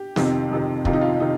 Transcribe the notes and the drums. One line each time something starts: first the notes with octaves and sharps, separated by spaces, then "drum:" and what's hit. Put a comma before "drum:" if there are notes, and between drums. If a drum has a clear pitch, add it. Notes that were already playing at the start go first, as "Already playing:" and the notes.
Already playing: G4
F2 C3 D#3, drum: snare
F2 C3 D#3
F2 C3 D#3 F4, drum: kick
D#4
F4
C3 D#3 D#4